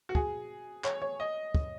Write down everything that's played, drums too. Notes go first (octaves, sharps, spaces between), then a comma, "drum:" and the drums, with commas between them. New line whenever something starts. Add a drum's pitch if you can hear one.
F#4
G#4, drum: kick
C#5, drum: clap
C#5
D#5
drum: kick